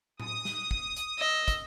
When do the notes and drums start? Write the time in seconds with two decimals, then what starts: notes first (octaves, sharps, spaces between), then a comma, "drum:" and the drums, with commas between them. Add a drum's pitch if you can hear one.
0.20 D#6, drum: tom A2
0.45 drum: snare
0.71 drum: kick
0.97 drum: hi-hat
1.19 D#5 E6
1.48 drum: kick, hi-hat